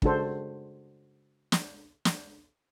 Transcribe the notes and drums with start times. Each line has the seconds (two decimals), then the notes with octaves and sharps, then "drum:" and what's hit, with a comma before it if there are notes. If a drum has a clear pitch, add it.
0.02 C#3 G#3 D4 F#4 A4 C5, drum: kick
1.52 drum: snare
2.05 drum: snare